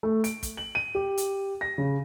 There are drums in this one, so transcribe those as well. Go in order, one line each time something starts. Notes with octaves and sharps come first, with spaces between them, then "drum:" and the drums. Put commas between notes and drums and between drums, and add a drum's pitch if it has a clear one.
A3
D7, drum: hi-hat
drum: kick, hi-hat
F#7
D#7
G4
drum: hi-hat
A#6
C#3